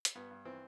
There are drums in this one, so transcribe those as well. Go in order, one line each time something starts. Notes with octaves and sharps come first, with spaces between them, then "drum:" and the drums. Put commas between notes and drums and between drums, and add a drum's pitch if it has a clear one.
drum: hi-hat
G2 B3
G2
E3 C4